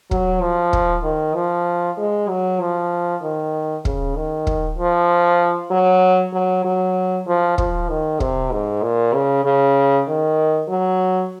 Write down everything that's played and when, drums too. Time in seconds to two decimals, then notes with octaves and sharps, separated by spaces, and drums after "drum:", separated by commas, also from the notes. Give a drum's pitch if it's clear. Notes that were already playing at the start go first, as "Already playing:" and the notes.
0.11 F#3, drum: kick
0.42 F3
0.73 drum: kick
1.03 D#3
1.35 F3
1.97 G#3
2.29 F#3
2.60 F3
3.22 D#3
3.85 C#3, drum: kick
4.15 D#3
4.47 drum: kick
4.78 F3
5.71 F#3
6.33 F#3
6.65 F#3
7.27 F3
7.58 F3, drum: kick
7.89 D#3
8.20 C3, drum: kick
8.52 G#2
8.83 A#2
9.14 C#3
9.44 C#3
10.08 D#3
10.69 F#3